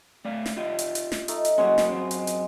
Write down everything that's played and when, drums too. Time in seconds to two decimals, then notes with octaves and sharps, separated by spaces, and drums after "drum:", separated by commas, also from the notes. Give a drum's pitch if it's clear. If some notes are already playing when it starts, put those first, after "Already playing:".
0.25 A3 D5 F5
0.46 drum: snare
0.57 F4 G4 D#5
0.79 drum: hi-hat
0.95 drum: hi-hat
1.12 drum: snare
1.28 A3 D#4, drum: hi-hat
1.45 drum: hi-hat
1.58 F#2 G#3 A#3 C#4 F#4 F#5
1.78 drum: snare
1.91 F#2 C4
2.11 drum: hi-hat
2.27 drum: hi-hat